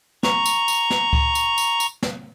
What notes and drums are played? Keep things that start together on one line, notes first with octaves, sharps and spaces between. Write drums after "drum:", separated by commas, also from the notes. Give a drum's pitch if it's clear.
A#5 C#6, drum: snare
drum: tambourine
drum: tambourine
drum: snare
drum: kick C#2
drum: tambourine
drum: tambourine
drum: tambourine
drum: snare